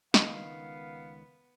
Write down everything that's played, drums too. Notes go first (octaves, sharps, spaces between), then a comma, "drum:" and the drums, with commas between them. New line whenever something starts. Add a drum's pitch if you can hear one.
C#2 D#3 B3 D#5 F5, drum: snare